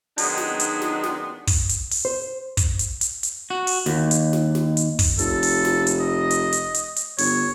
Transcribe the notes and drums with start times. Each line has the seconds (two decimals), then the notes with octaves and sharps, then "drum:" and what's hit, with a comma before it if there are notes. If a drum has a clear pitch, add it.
0.18 D#3 F#3 G#3 B3 D4 D#4, drum: open hi-hat
0.38 drum: snare
0.60 drum: hi-hat
0.81 drum: snare
1.03 drum: snare
1.47 drum: kick, open hi-hat
1.69 drum: hi-hat
1.91 drum: open hi-hat
2.05 C5
2.57 drum: kick, hi-hat
2.79 drum: hi-hat
3.01 drum: hi-hat
3.23 drum: hi-hat
3.50 F#4
3.67 drum: open hi-hat
3.86 D#2, drum: snare
4.11 drum: hi-hat
4.33 drum: snare
4.55 drum: snare
4.77 drum: hi-hat
4.99 drum: kick, open hi-hat
5.19 F1 A4, drum: hi-hat
5.43 drum: open hi-hat
5.65 drum: snare
5.87 drum: hi-hat
6.00 D#5
6.31 drum: hi-hat
6.52 drum: hi-hat
6.74 drum: hi-hat
6.96 drum: hi-hat
7.18 G1 C#5, drum: open hi-hat